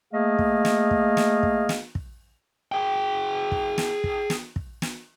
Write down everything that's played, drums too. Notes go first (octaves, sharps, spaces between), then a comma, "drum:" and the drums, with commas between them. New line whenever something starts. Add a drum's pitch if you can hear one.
A3 A#3 G#4 D#5 F5
drum: kick
drum: snare
drum: kick
drum: snare
drum: kick
drum: snare
drum: kick
G#4 G5
drum: kick
drum: snare
drum: kick
drum: snare
drum: kick
drum: snare